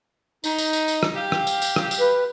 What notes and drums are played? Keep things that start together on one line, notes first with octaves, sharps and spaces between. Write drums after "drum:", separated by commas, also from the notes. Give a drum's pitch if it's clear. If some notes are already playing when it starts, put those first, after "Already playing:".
D#4, drum: tambourine
drum: tambourine
drum: tambourine
drum: tambourine
drum: rim click
G4 F5
drum: rim click
drum: tambourine
drum: tambourine
drum: rim click
drum: tambourine
B4